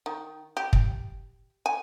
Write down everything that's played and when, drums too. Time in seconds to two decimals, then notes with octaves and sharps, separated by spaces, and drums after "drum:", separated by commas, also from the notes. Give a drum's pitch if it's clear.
0.06 D#3
0.57 G4
0.73 drum: kick
1.66 G#5